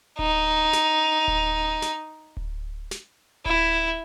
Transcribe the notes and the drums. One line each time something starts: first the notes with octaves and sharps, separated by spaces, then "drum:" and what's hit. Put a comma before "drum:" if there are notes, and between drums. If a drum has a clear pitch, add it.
D#4, drum: kick D1
drum: snare
drum: kick D1
drum: snare
drum: kick D1
drum: snare
E4, drum: kick D1